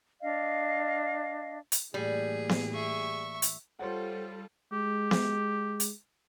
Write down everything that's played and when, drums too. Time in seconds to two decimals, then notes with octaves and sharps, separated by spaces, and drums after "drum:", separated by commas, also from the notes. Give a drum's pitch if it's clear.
0.22 D4 D#5 F5
1.72 drum: hi-hat
1.94 A2 E3 G3 A#3 G#4
2.49 drum: snare B3
2.75 E5 C#6
3.42 drum: hi-hat
3.79 G3 F4 A4 C5 C#5 F#5
4.73 G#3 G4
5.11 drum: snare B3
5.80 drum: hi-hat